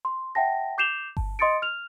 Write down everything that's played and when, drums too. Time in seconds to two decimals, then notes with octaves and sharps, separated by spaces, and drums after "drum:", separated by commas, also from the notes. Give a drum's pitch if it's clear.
0.05 C6
0.35 E5 F#5 G5 A5 A#6
0.78 D6 G6 C7 E7 F7 G7
1.17 A5, drum: kick G1
1.39 D#5 C6 D#6 A6 C#7 D7
1.62 F6 F7